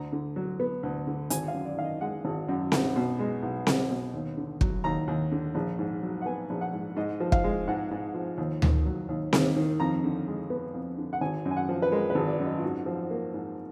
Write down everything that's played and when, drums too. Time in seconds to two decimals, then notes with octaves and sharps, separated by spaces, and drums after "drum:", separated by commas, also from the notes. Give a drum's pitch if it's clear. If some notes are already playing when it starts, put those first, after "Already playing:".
Already playing: D2 A#5
0.12 D3
0.36 F#3
0.60 B3
0.83 D2
1.07 D3
1.30 G#1 G#5, drum: hi-hat
1.48 F5
1.54 F#2
1.65 D5
1.78 D#3 F5
1.84 D#5
2.01 G#3 F#5
2.25 G#1
2.48 F#2
2.72 B1, drum: snare C4
2.96 B2
3.19 G#3
3.42 B1
3.67 B1, drum: snare C4
3.90 B2
4.14 D#2
4.37 D3
4.61 F#3, drum: kick
4.84 D#2 A#5
5.08 D#2
5.32 D3
5.55 A#1
5.79 G#2
6.02 F#3
6.22 F#5
6.26 B3 G#5
6.50 A#1
6.61 F#5
6.73 G#2
6.96 G#2 D#5
7.20 F3
7.32 F5, drum: kick
7.44 G#3
7.68 G#2 F#5
7.91 G#2
8.14 F3
8.38 D#2
8.62 D#3, drum: tom D2
8.85 F#3
9.09 D#2
9.33 D#2, drum: snare C4
9.56 D#3
9.80 F2 A#5
10.04 D3
10.27 G#3
10.50 B3
10.74 F2
10.98 D3
11.13 F#5
11.21 G#1 G#5
11.45 F#2
11.51 G#5
11.57 F#5
11.69 F3
11.82 B4
11.92 G#3 A#4
12.10 B4
12.15 G#1
12.28 D5
12.39 F#2
12.45 D#5
12.58 F4
12.62 G#2 F#4
12.86 F3
13.10 A#3
13.34 G#2